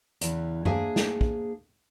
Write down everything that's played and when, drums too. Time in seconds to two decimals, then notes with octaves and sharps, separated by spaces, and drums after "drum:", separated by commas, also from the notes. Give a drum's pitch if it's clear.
0.21 E2 C#3 E3, drum: hi-hat
0.65 A#3 D4 G#4 C5 E5 G#5, drum: tom F#2
0.96 drum: snare
1.21 drum: kick